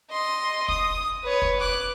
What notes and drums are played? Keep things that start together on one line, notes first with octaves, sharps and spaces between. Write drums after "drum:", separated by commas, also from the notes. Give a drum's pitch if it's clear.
D#5 C6
D#6, drum: kick
B4 C#5
drum: kick
D6 F#6